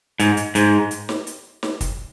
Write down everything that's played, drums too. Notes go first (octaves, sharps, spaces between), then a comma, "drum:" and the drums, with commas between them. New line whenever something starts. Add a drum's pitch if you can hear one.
G#2, drum: hi-hat
drum: hi-hat
G#2, drum: hi-hat
drum: hi-hat
drum: snare
drum: hi-hat
drum: snare
drum: kick, hi-hat